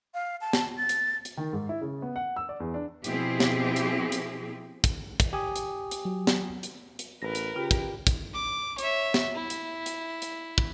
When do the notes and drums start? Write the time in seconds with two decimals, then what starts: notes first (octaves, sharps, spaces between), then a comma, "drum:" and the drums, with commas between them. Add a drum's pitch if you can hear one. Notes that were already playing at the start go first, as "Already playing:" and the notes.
0.14 F5
0.41 A5
0.53 drum: snare
0.78 A6
0.89 drum: hi-hat
1.25 drum: hi-hat
1.37 D#3
1.53 G#2
1.69 E4
1.81 C#3
2.02 B3
2.16 F#5
2.36 E6
2.49 D5
2.60 E2
2.74 D4
3.04 B2 F3 C4 E4 G4 G#4, drum: hi-hat
3.40 drum: snare
3.76 drum: hi-hat
4.12 drum: hi-hat
4.84 drum: kick, hi-hat
5.20 drum: kick, hi-hat
5.33 G4 G#5 D#6
5.56 drum: hi-hat
5.91 drum: hi-hat
6.05 F#3
6.27 drum: snare
6.63 drum: hi-hat
6.99 drum: hi-hat
7.22 A1 A#4 B4 A#6
7.35 drum: hi-hat
7.56 C#3 F4 G4
7.71 drum: kick, hi-hat
8.07 drum: kick, hi-hat
8.34 D6
8.78 C#5 E5, drum: hi-hat
9.14 drum: snare
9.34 E4
9.50 drum: hi-hat
9.86 drum: hi-hat
10.22 drum: hi-hat
10.58 drum: kick